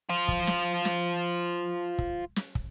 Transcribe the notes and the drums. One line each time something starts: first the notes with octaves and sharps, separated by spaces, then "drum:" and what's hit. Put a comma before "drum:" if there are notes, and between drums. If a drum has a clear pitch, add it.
F4 C5
drum: kick
drum: snare
drum: snare
drum: kick
drum: snare
drum: kick